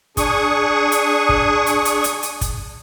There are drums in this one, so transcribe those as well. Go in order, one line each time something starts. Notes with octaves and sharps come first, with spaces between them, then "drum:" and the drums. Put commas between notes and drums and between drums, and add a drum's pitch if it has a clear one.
D4 G#4 C#6 D#6, drum: kick G1, hi-hat
drum: hi-hat
drum: kick G1
drum: hi-hat
drum: hi-hat
drum: hi-hat
drum: hi-hat
drum: kick G1, hi-hat